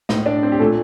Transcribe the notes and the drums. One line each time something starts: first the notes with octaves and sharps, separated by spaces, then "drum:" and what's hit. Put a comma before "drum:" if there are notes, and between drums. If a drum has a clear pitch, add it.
A2 D#4 D#5, drum: snare
D4 D5
C4 C5
G4
A#2 A3 A4